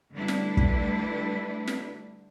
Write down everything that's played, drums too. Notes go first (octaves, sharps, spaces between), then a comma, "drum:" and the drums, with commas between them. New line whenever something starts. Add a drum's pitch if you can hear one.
D3 G3 A3 D4 E4 B4
drum: snare
drum: kick
drum: snare